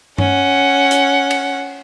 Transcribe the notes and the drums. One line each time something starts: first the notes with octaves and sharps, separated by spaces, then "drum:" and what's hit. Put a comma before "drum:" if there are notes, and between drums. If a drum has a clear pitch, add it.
C#4 F#5, drum: tom G2
drum: hi-hat
drum: cymbal